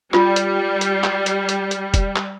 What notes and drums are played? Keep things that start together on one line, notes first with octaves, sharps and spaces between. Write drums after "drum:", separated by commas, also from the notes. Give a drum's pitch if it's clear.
G3 F4, drum: clap
drum: hi-hat
drum: hi-hat
drum: clap
drum: hi-hat
drum: hi-hat
drum: hi-hat
drum: kick, hi-hat
drum: clap